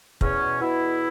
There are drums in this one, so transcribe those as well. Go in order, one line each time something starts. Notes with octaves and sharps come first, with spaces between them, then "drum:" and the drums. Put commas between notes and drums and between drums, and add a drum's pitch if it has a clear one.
E2 C#4, drum: kick
B2
B2 B3 E4
E2